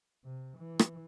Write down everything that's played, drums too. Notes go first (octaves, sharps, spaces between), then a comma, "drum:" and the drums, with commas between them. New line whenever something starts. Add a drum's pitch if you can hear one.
C3
E3
drum: rim click